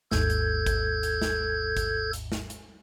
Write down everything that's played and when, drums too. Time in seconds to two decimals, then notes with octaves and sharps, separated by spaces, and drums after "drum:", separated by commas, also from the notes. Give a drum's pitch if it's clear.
0.11 G#1 D#2 G#2 A4 G6 G#6, drum: snare
0.30 drum: hi-hat
0.66 drum: kick, hi-hat
1.03 drum: hi-hat
1.22 drum: snare
1.77 drum: kick, hi-hat
2.13 drum: hi-hat
2.32 drum: snare
2.50 drum: hi-hat